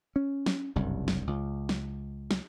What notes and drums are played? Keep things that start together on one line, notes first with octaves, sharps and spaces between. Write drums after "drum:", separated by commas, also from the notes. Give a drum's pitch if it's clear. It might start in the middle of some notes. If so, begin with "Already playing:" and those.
C#4
drum: snare
F#1 C2 G2
drum: snare
C#2
drum: snare
drum: snare